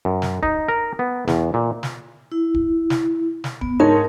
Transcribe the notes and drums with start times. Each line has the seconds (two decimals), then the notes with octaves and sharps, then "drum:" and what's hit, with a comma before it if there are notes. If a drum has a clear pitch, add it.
0.05 F#2
0.22 drum: snare
0.43 D#4, drum: kick
0.68 A#4
0.99 B3
1.28 E2, drum: snare
1.54 A#2
1.83 drum: snare
2.32 E4
2.54 drum: kick
2.90 drum: snare
3.44 drum: snare
3.61 B3, drum: kick
3.80 G#2 D#4 A#4 C#5 A5